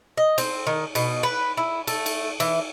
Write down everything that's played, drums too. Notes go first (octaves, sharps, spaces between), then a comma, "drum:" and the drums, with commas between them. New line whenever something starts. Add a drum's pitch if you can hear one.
D#5
C4, drum: cymbal
D#3
B2, drum: cymbal
B4
E4
A3, drum: cymbal
drum: cymbal
E3, drum: cymbal